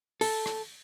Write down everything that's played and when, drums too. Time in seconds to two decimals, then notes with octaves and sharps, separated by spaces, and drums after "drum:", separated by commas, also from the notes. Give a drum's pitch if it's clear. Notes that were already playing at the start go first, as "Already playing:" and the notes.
0.21 A4, drum: open hi-hat
0.46 drum: rim click